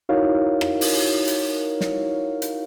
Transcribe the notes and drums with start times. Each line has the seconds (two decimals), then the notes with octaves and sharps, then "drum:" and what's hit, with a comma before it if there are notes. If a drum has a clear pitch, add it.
0.09 D#4 E4 F#4 A#4 C#5 F5
0.61 drum: rim click
0.81 drum: open hi-hat
1.27 drum: hi-hat
1.81 drum: snare
2.42 drum: hi-hat